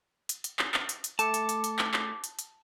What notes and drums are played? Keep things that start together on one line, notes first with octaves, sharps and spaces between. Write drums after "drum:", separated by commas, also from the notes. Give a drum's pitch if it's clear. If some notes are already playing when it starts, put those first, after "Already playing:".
drum: hi-hat
drum: hi-hat
drum: clap
drum: clap
drum: hi-hat
drum: hi-hat
A3 A5 D6 A6 C#7, drum: hi-hat
drum: hi-hat
drum: hi-hat
drum: hi-hat
drum: clap
drum: clap
drum: hi-hat
drum: hi-hat